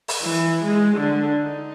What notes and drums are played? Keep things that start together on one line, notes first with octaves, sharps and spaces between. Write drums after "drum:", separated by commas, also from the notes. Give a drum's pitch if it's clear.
drum: open hi-hat
E3
G#3
D3
D#4